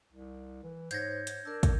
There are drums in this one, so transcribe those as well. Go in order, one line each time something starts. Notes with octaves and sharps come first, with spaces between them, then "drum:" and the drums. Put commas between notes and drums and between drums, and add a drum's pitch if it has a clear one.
C2
E3
G#2 C5 C#5 G6 G#6 A#6, drum: hi-hat
drum: hi-hat
D4 A#4 E6
drum: kick, hi-hat